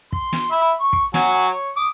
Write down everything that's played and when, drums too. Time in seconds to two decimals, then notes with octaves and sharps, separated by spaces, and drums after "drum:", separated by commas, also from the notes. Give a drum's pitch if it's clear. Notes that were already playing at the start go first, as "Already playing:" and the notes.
0.12 C6, drum: kick
0.33 drum: snare
0.51 E5 B5
0.80 C#6
0.93 drum: kick
1.14 F#3 F#4 G#5, drum: snare
1.49 C#5
1.76 D6 D#6